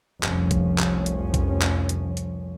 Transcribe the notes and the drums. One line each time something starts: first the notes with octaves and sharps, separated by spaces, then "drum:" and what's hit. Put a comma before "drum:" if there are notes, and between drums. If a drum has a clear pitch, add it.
F1 C2 F3 C#4, drum: clap
drum: kick, hi-hat
drum: clap
drum: hi-hat
drum: kick, hi-hat
drum: clap
drum: hi-hat
drum: hi-hat